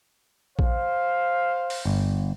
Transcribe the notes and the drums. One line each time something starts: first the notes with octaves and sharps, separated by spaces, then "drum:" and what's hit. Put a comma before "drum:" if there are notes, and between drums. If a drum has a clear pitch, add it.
C5 F5, drum: kick A#1
drum: open hi-hat
G1